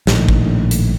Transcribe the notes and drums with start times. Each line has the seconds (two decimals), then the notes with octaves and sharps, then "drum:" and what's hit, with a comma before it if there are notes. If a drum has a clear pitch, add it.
0.07 A#1 A2 D#3, drum: snare
0.29 drum: kick G#1
0.71 drum: hi-hat